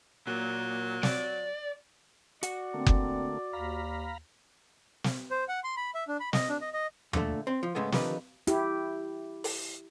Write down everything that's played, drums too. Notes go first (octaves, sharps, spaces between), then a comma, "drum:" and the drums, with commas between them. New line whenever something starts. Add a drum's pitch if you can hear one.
A#2 F#3
D5, drum: snare
F#4 D5 F#5, drum: hi-hat
D3 A3 A#3 C4
drum: kick F#1
D#2 F5 A#5 B5
drum: snare
C5
F#5
C6
B5
E5
D4
B5
D#5, drum: snare
D4
D#5
D#5
A#2 D3 A3, drum: tom
C4
F3
G#2 C#3 G#3 A3 B3
D3 D#3 F3 G4 A#4 B4, drum: snare
E4 G4, drum: hi-hat
drum: open hi-hat